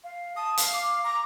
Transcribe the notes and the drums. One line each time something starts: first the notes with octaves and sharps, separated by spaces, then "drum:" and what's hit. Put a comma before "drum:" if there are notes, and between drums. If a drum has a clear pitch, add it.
F5
A5 D#6
F5, drum: hi-hat
D6
A#5